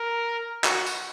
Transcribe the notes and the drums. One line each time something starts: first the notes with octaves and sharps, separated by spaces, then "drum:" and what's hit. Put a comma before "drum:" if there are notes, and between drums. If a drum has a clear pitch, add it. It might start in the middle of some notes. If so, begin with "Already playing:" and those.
Already playing: A#4
F#4, drum: clap
drum: tambourine